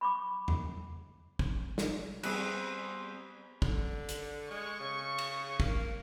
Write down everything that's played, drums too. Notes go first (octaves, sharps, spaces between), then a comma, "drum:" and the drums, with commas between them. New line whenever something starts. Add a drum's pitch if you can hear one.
B5 C#6 D6
drum: tom E2
drum: kick
drum: snare
G3 B3 C4 G#4 C5 E6 F#6, drum: cymbal
D3, drum: kick
drum: hi-hat
G#3 C#6
C#3
drum: cymbal
A#3, drum: kick